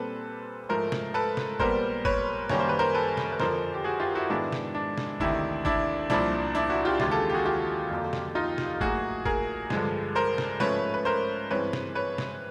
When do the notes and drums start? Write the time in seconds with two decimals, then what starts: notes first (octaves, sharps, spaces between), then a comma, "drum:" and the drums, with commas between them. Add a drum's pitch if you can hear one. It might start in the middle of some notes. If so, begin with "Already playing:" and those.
Already playing: A#2 G3 C4 A4 B4
0.69 G#2 F3 A3 A#4 C5
0.92 drum: snare
1.14 A4 B4
1.37 drum: snare
1.59 A#2 G3 B3 A#4 C5, drum: kick G#1
2.05 B4 C#5, drum: kick G#1
2.49 F#2 D#3 G3 A#3 C#5, drum: snare
2.60 C5
2.69 B4
2.79 A#4 C5
2.94 A4 B4
3.17 drum: snare
3.32 B4
3.40 F2 D3 F3 A#4 C5, drum: snare
3.74 G4
3.84 F#4 G#4
4.00 F4 G4
4.15 E4 F#4
4.30 G#2 D#3 G#3 B3 D4 E4
4.53 drum: snare
4.75 D4
4.98 drum: snare
5.20 D2 C3 D#3 D4 E4, drum: kick G#1
5.65 D4 E4, drum: kick G#1
6.10 C2 A#2 F3 D4 E4, drum: snare
6.55 D4 E4
6.70 E4 F#4
6.85 F4 G4
7.00 D#2 C#3 E3 G#3 F4 G4, drum: snare
7.11 G4 A4
7.30 G4
7.34 F#4 G#4
7.45 F4 G4
7.90 F2 D3 F#3 A#3
8.13 drum: snare
8.35 D#4 F4
8.58 drum: snare
8.81 A2 F#3 A#3 F#4 G#4, drum: kick G#1
9.25 G#4 A#4, drum: kick G#1
9.70 G2 D3 F3 G#3, drum: snare
10.15 A#4 C5
10.38 drum: snare
10.60 G#2 F3 A3 C#4 B4 C#5, drum: snare
10.94 B4
11.05 A#4 C5
11.51 G2 E3 G#3 C4 B4 C#5
11.73 drum: snare
11.95 B4 C#5
12.18 drum: snare